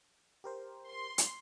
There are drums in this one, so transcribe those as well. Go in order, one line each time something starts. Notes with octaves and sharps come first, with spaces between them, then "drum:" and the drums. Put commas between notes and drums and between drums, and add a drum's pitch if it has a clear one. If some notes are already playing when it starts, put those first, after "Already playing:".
G4 A#4 C5
C6
drum: hi-hat